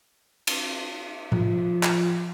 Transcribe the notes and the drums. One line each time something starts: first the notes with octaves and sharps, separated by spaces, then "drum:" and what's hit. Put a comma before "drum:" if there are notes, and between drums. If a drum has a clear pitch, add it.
drum: cymbal
F3, drum: tom A2
drum: clap